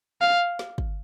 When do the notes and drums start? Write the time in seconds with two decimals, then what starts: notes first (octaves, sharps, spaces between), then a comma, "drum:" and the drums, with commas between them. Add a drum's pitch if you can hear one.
0.21 F5
0.59 drum: snare
0.78 drum: kick